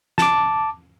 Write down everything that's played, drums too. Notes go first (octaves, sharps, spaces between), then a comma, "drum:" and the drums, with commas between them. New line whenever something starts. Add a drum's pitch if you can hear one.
A5 D6, drum: snare